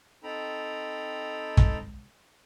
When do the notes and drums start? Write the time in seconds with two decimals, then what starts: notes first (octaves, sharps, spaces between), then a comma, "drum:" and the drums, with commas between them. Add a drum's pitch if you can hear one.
0.23 C4 D#4 A4 G5 A#5 B5
1.57 drum: kick